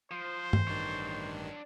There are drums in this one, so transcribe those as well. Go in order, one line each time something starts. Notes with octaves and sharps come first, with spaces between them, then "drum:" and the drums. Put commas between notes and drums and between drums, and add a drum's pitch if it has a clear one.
F3 C5
drum: tom
A1 G2 D#3 D4 C#5